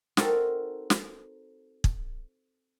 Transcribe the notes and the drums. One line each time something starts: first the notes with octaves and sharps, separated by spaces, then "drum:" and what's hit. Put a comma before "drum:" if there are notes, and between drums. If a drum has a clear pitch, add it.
C4 D#4 F#4 A4 A#4, drum: snare
drum: snare
drum: kick